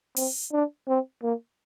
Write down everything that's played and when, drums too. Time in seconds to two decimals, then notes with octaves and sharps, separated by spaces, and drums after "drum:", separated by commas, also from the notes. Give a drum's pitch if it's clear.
0.16 C4, drum: open hi-hat
0.53 D4
0.88 C4
1.23 A#3